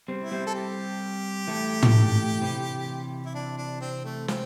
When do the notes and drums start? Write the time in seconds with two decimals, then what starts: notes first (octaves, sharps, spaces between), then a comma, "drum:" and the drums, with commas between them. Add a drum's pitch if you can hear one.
0.08 G3 C4
0.23 E4
0.31 G3 C4
0.47 A4
0.55 G4
1.48 E3 A3
1.83 drum: tom
2.42 C3 E3
3.26 E4
3.35 D4
3.58 D4
3.81 C4
4.05 A3
4.28 C4, drum: snare